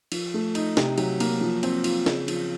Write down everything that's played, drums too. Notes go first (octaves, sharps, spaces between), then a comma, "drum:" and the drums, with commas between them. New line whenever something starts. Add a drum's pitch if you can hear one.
F3, drum: cymbal
A3
D#4, drum: cymbal
C3, drum: snare
F#3, drum: cymbal
A#3, drum: cymbal
F3
C4, drum: cymbal
F4, drum: cymbal
C#3, drum: snare
F3, drum: cymbal